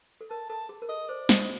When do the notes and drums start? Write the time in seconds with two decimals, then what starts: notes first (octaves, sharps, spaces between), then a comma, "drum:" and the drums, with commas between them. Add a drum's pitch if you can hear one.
0.21 A4
0.30 A#4 A5
0.49 A4 A5
0.69 G#4
0.82 A#4
0.89 A4 D#5
1.09 C5 D5
1.29 C5 D#5, drum: snare
1.42 D#5